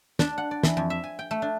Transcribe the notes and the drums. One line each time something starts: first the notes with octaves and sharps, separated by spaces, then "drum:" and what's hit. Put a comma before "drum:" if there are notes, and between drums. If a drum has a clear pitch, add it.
D4, drum: snare
F#5
D5
E3, drum: snare
F2
E5
G#5
G5
A3
D4